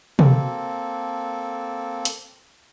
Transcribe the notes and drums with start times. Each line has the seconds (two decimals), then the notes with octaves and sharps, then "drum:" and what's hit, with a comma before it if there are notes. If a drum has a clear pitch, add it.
0.19 A#3 C4 A4, drum: tom
2.05 drum: hi-hat